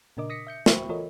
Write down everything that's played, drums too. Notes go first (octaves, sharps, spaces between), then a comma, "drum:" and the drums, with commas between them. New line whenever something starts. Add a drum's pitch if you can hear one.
A#2 C#3 D4 A#4 D#5 D6
D#6 A#6 B6 C#7
E5 G6 C#7
F#4 C5 E5 G5 B5 C#6, drum: snare
E3 F4 A4 A#4 C#5 D#5